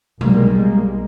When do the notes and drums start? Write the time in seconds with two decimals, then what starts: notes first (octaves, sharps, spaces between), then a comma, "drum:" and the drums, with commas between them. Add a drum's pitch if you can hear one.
0.21 B1 G3 G#3 A#3, drum: tom C3